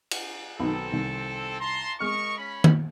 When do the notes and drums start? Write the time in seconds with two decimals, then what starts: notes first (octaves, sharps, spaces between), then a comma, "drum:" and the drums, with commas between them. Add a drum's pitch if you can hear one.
0.11 drum: cymbal
0.60 B1 D#3 C4 A4
0.92 C2 D#3
1.60 A5 A#5 C6
2.00 G#3 A#4 D#5 C#6 F6
2.38 C#4 B5
2.64 drum: tom